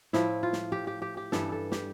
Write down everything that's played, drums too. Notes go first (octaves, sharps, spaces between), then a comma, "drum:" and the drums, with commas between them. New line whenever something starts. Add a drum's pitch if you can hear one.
A2 F3 E4, drum: snare
F4
drum: snare
G4
G4
G4
G4
G2 E3 G3 A4, drum: snare
A4
G4, drum: snare